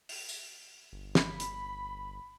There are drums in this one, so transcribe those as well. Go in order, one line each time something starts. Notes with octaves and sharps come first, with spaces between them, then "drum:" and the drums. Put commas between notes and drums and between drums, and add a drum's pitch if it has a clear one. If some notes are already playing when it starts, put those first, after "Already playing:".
drum: open hi-hat
drum: tambourine
G1
B5, drum: snare
drum: hi-hat